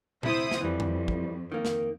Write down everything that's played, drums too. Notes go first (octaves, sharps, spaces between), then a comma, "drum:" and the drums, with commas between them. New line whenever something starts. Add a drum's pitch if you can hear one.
D2 C3 E4 C5 D#6, drum: tom A#2
drum: snare
F2 E3 G3
drum: tom F2
drum: kick
D#3 A#3
drum: snare